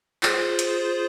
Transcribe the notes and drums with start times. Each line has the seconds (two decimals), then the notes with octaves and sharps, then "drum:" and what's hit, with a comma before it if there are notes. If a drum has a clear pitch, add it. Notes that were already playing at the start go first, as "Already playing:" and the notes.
0.23 F4 G#4 C5, drum: clap
0.59 drum: hi-hat